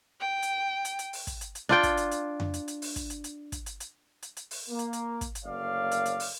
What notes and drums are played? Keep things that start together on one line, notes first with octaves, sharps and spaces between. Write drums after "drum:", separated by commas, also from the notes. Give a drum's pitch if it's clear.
G5
drum: hi-hat
drum: hi-hat
drum: hi-hat
drum: open hi-hat
drum: kick, hi-hat
drum: hi-hat
drum: hi-hat
D4 F4 G5
drum: kick, hi-hat
drum: hi-hat
drum: hi-hat
drum: tom F2
drum: hi-hat
drum: hi-hat
drum: open hi-hat
drum: kick, hi-hat
drum: hi-hat
drum: hi-hat
drum: kick, hi-hat
drum: hi-hat
drum: hi-hat
drum: hi-hat
drum: hi-hat
drum: open hi-hat
A#3
drum: hi-hat
drum: hi-hat
drum: kick, hi-hat
drum: hi-hat
F#1 D2 A#3 C#5 D5 F5
drum: hi-hat
drum: hi-hat
drum: open hi-hat